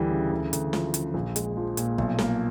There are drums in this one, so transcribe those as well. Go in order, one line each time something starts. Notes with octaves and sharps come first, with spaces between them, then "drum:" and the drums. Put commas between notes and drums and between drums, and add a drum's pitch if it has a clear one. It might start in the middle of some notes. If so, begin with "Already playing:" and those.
Already playing: D2 E3 G3
C#3
D2
D2, drum: hi-hat
F3, drum: snare
C#3, drum: hi-hat
A#1
G#3, drum: hi-hat
F3
A#2, drum: hi-hat
B1, drum: kick
A#3, drum: snare